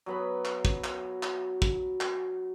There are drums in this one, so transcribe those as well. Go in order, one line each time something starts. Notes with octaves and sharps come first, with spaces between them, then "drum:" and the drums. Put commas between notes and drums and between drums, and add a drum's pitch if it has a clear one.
F#3 B3 B5
drum: clap
drum: kick
drum: clap
drum: clap
drum: kick
drum: clap